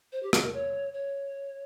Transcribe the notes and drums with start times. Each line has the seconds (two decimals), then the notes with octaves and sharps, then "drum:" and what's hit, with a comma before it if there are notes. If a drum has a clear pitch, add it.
0.12 C5
0.23 G4
0.33 G#4, drum: rim click
0.43 A#4
0.54 C#5
0.93 C#5